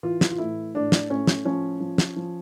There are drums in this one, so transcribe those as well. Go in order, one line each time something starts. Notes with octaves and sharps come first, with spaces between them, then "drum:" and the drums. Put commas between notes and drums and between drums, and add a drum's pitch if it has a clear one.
E3 F4
drum: snare
F4
A2 E4
A2 D4
drum: snare
A2 C#4
drum: snare
F3 C#4
F3
drum: snare
F3